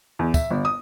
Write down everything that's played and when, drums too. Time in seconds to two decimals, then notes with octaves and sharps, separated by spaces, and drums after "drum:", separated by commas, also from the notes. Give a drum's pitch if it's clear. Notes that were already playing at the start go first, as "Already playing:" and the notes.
0.19 E2
0.34 E5, drum: kick, tambourine
0.51 G1
0.65 D#6